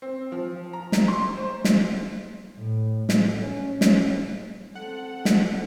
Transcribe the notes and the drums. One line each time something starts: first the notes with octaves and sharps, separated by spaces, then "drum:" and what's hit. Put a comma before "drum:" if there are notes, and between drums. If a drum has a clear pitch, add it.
C4
F3
A#5
drum: snare
C6
C5
drum: snare
A2
drum: snare
C#4
drum: snare
C4 A4 F#5
drum: snare